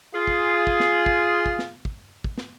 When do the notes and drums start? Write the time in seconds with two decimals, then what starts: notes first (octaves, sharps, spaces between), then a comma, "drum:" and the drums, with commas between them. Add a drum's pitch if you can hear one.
0.14 F4 G#4
0.27 drum: kick
0.67 drum: kick
0.80 drum: snare
1.06 drum: kick
1.46 drum: kick
1.59 drum: snare
1.85 drum: kick
2.24 drum: kick
2.38 drum: snare